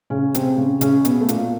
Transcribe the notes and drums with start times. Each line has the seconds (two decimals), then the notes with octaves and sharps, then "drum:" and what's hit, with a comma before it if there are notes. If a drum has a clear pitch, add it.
0.10 C#3 C#4
0.34 C3 C4, drum: hi-hat
0.57 C#3 C#4
0.81 C#3 C#4, drum: hi-hat
1.05 B2 B3, drum: hi-hat
1.21 A3
1.29 A#2 A#3, drum: hi-hat